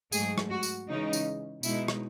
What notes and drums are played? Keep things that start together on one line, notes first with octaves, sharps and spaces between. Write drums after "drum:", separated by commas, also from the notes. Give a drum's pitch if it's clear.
G#2 F#3 A3 G#4, drum: tambourine
drum: rim click
F#4
drum: tambourine
C#3 E3 G#3 C#4 D#4
drum: tambourine
B2 G#3 D#4 E4, drum: tambourine
drum: rim click